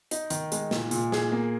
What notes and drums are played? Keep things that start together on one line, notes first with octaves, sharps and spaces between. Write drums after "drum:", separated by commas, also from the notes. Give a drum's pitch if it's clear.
D#4, drum: hi-hat
D#3, drum: hi-hat
G#3, drum: hi-hat
A#2, drum: snare
A#2, drum: hi-hat
G#4, drum: snare
A#3